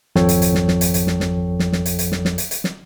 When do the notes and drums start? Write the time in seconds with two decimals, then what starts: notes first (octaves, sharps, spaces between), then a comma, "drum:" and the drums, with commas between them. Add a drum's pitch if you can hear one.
0.16 G#1 F2 F3 A4 C#5 G5, drum: snare
0.29 drum: hi-hat
0.42 drum: hi-hat
0.55 drum: snare
0.68 drum: snare
0.81 drum: hi-hat
0.94 drum: hi-hat
1.07 drum: snare
1.20 drum: snare
1.59 drum: snare
1.72 drum: snare
1.86 drum: hi-hat
1.99 drum: hi-hat
2.12 drum: snare
2.25 drum: snare
2.38 drum: hi-hat
2.51 drum: hi-hat
2.64 drum: snare